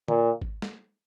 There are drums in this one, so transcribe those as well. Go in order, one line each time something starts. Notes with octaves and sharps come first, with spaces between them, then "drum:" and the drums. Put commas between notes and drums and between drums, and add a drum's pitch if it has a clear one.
A#2, drum: tom D3
drum: kick G#1
drum: snare